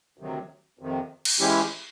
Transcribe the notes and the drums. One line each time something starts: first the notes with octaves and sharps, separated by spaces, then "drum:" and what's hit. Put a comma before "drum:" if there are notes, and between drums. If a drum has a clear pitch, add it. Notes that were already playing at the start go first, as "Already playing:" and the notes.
D2 C3 D#3 F#3
F2 C3 D#3
drum: cymbal
E3 G#3 C#4 E4 G4